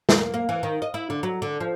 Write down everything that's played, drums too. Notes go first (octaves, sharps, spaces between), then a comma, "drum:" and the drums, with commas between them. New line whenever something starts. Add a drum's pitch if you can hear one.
drum: snare
A#3
A#3
E3
D#3
D#5
E4
D3
F#3
D3
F3